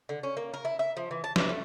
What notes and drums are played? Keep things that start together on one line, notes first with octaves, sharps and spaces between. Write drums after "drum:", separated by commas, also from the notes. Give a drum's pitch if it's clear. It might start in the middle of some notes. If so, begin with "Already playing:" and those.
D3
C#4
A#3
A#4
E4
E5
F3
E3
A5
E3, drum: snare
A3